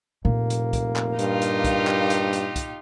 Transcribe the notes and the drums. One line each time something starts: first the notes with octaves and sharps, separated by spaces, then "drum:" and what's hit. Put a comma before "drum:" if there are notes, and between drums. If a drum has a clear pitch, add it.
F1 A#2 A#3
drum: hi-hat
drum: kick, hi-hat
drum: clap
G2 D#4 F4 G4, drum: hi-hat
drum: hi-hat
drum: kick, hi-hat
drum: clap
drum: hi-hat
drum: hi-hat
drum: kick, hi-hat